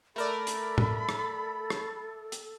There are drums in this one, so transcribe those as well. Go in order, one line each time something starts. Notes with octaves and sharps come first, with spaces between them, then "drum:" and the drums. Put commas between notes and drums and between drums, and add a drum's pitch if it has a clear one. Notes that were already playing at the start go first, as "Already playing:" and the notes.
A3 A4 A#4 D5 B5
drum: hi-hat
drum: tom A2
drum: rim click
drum: rim click
drum: hi-hat